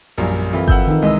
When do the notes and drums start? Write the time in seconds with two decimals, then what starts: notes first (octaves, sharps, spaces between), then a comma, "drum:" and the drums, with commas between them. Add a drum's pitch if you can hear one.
0.18 A#1 F#2 G3 A#4
0.53 F2 E3
0.68 F#5 E6 G6, drum: kick G1
0.88 D#3 D#4
1.02 C2 G#3 D#5 E6